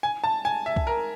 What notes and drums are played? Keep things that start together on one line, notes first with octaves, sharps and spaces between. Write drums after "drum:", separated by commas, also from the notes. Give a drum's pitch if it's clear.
G#5
A5
G#5
E5
drum: kick C2
A#4